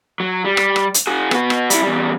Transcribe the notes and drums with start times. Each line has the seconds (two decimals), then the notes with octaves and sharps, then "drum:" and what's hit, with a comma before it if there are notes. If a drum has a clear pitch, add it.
0.20 F#3
0.44 G3
0.57 drum: rim click
0.76 drum: rim click
0.94 drum: hi-hat
1.07 F#4 G#4
1.31 B3 F#4, drum: rim click
1.50 drum: rim click
1.70 G3 E4, drum: hi-hat
1.83 E2 G3